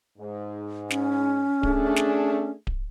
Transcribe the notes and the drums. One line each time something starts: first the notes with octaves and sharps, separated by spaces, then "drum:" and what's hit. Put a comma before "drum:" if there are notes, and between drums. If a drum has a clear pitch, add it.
G#2
C#4, drum: snare
A3 D4 G#4, drum: kick D1
drum: snare
drum: kick D1